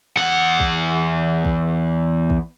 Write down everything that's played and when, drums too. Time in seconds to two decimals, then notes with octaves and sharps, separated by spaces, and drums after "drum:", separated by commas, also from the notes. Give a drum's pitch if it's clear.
0.17 E2 F#5
0.60 drum: kick
1.45 drum: kick
2.30 drum: kick